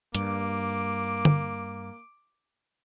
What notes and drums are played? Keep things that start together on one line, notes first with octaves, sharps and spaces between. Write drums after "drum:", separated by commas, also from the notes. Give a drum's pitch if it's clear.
G2 A#3 D6, drum: hi-hat
drum: tom D3